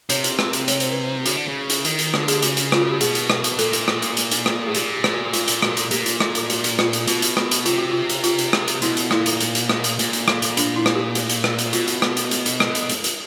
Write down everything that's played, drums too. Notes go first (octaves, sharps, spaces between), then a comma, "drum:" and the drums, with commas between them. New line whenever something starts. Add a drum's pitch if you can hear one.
C3 C#5, drum: hi-hat
drum: hi-hat
drum: rim click
drum: hi-hat
C#5, drum: hi-hat
C5, drum: hi-hat
B4
C5
C#3 F#4, drum: hi-hat
D3
C#3
drum: hi-hat
D#3, drum: hi-hat
drum: hi-hat
D3, drum: rim click
G#4, drum: hi-hat
G4
C#3 F#4, drum: hi-hat
drum: hi-hat
F4, drum: rim click
F#4
G4
B2 G#4, drum: hi-hat
drum: hi-hat
drum: rim click
drum: hi-hat
A#2 A4, drum: hi-hat
drum: hi-hat
drum: rim click
drum: hi-hat
drum: hi-hat
drum: hi-hat
drum: rim click
A2 G#4
A#2 G4, drum: hi-hat
G4
drum: rim click
F#4
F4, drum: hi-hat
drum: hi-hat
F#4, drum: rim click
drum: hi-hat
A#2 G4, drum: hi-hat
drum: hi-hat
drum: rim click
drum: hi-hat
F#4, drum: hi-hat
drum: hi-hat
F4, drum: rim click
drum: hi-hat
B2 F4, drum: hi-hat
drum: hi-hat
drum: rim click
drum: hi-hat
C3 F4, drum: hi-hat
F#4
F4
drum: hi-hat
F4, drum: hi-hat
drum: hi-hat
drum: rim click
drum: hi-hat
B2 E4, drum: hi-hat
drum: hi-hat
A#2 E4, drum: rim click
drum: hi-hat
drum: hi-hat
drum: hi-hat
drum: rim click
drum: hi-hat
A#2, drum: hi-hat
drum: hi-hat
drum: rim click
drum: hi-hat
D4, drum: hi-hat
E4
drum: rim click
G4
G4, drum: hi-hat
drum: hi-hat
drum: rim click
drum: hi-hat
B2 F4, drum: hi-hat
drum: hi-hat
drum: rim click
drum: hi-hat
drum: hi-hat
drum: hi-hat
drum: rim click
drum: hi-hat
drum: hi-hat
drum: hi-hat